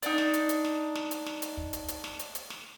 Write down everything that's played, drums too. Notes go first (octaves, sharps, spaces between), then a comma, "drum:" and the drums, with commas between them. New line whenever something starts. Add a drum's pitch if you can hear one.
D4 D#4, drum: hi-hat
drum: snare
drum: hi-hat
drum: hi-hat
drum: snare
drum: snare
drum: hi-hat
drum: snare
drum: hi-hat
drum: kick
drum: hi-hat
drum: hi-hat
drum: snare
drum: hi-hat
drum: hi-hat
drum: snare